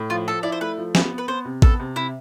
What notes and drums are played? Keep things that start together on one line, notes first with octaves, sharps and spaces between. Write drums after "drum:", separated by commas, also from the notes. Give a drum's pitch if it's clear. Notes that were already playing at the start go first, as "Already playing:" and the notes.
Already playing: A2
F3 F4
F3 A4
E4 D5
C5
A3 B4
F3
B3, drum: snare
B3
B4
B3 C5
C3
B3 A4, drum: kick A1
C3
C3 E4